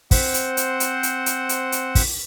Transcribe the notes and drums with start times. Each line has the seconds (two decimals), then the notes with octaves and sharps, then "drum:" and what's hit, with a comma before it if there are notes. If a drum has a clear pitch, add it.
0.11 C4 C5 F#5, drum: kick, open hi-hat
0.34 drum: hi-hat
0.57 drum: hi-hat
0.80 drum: hi-hat
1.03 drum: hi-hat
1.26 drum: hi-hat
1.49 drum: hi-hat
1.72 drum: hi-hat
1.95 drum: kick, open hi-hat